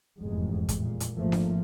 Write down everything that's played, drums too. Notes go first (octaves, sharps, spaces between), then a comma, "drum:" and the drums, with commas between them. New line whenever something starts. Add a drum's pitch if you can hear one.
F1 E2 G#2 G#3
drum: kick, hi-hat
A#2
drum: hi-hat
G#1 F3 A3 A#3
drum: snare D4